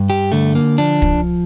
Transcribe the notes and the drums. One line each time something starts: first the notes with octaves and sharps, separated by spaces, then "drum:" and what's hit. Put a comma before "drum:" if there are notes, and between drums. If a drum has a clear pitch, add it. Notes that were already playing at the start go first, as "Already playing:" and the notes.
Already playing: G2
G4
D3 A3
A#3
F3 D4
drum: kick